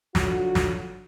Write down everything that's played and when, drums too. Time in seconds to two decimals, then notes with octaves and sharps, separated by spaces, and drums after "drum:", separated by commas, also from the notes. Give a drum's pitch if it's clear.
0.15 D3 F#3 F4 F#4, drum: snare
0.55 drum: snare